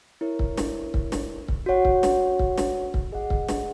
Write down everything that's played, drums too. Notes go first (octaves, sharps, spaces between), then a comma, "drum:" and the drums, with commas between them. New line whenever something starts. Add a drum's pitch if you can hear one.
E4 A#4 C#5
drum: kick C#1
drum: snare
drum: kick C#1
drum: snare
drum: kick C#1
F#4 C#5 F#5
drum: kick C#1
drum: snare
drum: kick C#1
drum: snare
drum: kick C#1
G#4 D#5 F#5
drum: kick C#1
drum: snare